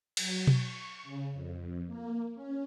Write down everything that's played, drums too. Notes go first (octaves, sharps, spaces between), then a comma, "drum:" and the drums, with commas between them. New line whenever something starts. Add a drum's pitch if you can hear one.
F#3, drum: cymbal
C#6, drum: tom B2
C#3
F2
A#3
C#4